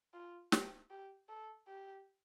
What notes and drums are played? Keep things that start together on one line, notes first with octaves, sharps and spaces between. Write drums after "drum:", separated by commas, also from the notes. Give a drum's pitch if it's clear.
F4
G4, drum: snare
G4
A4
G4